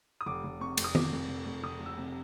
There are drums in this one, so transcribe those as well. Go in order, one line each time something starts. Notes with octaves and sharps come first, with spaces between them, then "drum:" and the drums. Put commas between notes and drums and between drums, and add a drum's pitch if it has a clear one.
D#6
F1 D6
F1
C3 C#6
F2, drum: cymbal
D#6
C3 D6, drum: tom D#3
F2
F1
F2
F1 D#6
F1
E6
C3